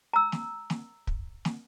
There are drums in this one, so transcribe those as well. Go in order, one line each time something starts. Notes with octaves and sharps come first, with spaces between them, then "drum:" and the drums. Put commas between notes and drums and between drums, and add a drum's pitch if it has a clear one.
A#5 E6
drum: snare
drum: snare
drum: kick
drum: snare